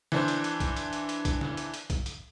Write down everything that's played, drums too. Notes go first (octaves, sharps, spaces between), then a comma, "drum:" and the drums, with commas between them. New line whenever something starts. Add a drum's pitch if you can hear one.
E3 D4 C5, drum: snare
drum: hi-hat
drum: hi-hat
drum: kick B1, hi-hat
drum: hi-hat
drum: hi-hat
drum: hi-hat
drum: kick B1, hi-hat
drum: snare
drum: hi-hat
drum: hi-hat
drum: kick B1, hi-hat
drum: hi-hat